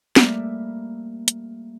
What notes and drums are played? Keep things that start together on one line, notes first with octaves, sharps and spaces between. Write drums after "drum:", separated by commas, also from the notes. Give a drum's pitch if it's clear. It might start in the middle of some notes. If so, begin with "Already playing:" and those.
G3 A3 A#3 E5, drum: snare
drum: hi-hat